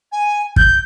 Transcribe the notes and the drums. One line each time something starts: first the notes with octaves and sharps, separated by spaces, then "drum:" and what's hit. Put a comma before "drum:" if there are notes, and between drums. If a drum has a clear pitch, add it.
G#5
G6, drum: kick